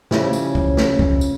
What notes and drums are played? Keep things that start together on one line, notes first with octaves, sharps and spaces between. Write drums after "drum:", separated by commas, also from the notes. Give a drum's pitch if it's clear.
C#3 F3 G3 C#4 E4 G4, drum: snare
drum: tambourine
drum: kick
drum: snare
drum: kick
drum: tambourine